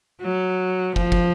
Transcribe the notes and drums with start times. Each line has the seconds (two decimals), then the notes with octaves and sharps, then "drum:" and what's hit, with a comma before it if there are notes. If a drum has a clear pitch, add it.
0.21 F#3
0.96 F3, drum: kick
1.12 drum: kick